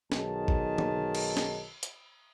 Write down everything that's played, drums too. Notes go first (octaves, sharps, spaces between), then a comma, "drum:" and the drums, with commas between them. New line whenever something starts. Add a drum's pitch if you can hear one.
B1 D#3 G#4 A5, drum: snare
drum: kick
drum: tom D3
drum: cymbal
drum: snare
drum: hi-hat